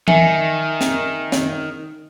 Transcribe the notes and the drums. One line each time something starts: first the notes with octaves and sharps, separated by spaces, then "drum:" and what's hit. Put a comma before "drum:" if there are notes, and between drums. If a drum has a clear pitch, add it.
D#3 E5 G#5 C#7, drum: tom E3
drum: snare
drum: snare